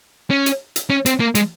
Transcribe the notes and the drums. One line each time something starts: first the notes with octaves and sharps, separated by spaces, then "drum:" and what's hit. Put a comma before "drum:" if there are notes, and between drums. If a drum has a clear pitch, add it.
C#4
drum: hi-hat
drum: hi-hat
C#4
C4, drum: hi-hat
A#3
G#3, drum: hi-hat